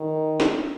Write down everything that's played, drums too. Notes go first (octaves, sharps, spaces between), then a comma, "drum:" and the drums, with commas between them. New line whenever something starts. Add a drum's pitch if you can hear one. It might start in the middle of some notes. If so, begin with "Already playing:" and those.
Already playing: D#3
drum: snare